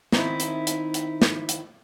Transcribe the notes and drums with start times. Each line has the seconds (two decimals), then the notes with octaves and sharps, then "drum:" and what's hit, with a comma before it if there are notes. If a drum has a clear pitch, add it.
0.12 D#3 C4 D#4 E4, drum: snare
0.40 drum: hi-hat
0.67 drum: hi-hat
0.94 drum: hi-hat
1.22 drum: snare
1.49 drum: hi-hat